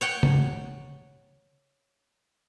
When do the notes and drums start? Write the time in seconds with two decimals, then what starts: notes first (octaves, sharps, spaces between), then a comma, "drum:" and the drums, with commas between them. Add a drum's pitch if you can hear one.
0.01 C#5 F#5 G5
0.23 drum: tom C#3